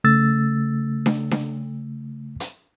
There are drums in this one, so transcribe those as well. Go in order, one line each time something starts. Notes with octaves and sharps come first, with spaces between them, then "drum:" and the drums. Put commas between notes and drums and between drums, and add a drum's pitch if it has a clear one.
C#3 A3 E6 A6
drum: snare D4
drum: snare D4
drum: hi-hat